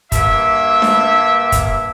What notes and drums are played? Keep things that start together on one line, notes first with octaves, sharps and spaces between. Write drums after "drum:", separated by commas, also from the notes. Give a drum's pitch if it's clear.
G2 A#3 E5, drum: kick, hi-hat
drum: snare D4
drum: kick, hi-hat